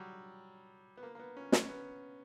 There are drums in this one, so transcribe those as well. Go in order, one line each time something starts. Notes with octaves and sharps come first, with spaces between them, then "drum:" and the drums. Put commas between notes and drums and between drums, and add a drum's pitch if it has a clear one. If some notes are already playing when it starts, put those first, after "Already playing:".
Already playing: F#3 G3
B3
A#3
A#3
B3
C#4
C#4, drum: snare
B3